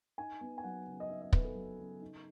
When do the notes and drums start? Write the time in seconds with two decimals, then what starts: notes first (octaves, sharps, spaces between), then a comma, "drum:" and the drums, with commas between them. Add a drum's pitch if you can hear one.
0.18 D#4 G#5
0.41 B3
0.58 G#5
0.64 F#3 F#5
0.87 C#3
1.00 D#5
1.09 D#4 E5
1.21 D#5
1.33 B3 B4, drum: kick
1.44 A4
1.55 F#3
1.78 C#3
2.01 D#4